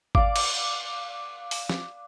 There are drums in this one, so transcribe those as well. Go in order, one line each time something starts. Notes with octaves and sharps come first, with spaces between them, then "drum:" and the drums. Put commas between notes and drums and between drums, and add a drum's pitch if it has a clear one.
D5 F5 D6, drum: kick G#1
drum: cymbal
drum: open hi-hat
drum: snare